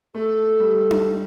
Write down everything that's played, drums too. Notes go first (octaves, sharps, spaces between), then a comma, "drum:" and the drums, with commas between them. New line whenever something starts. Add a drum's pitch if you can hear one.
A3 A4
G3
drum: tom D4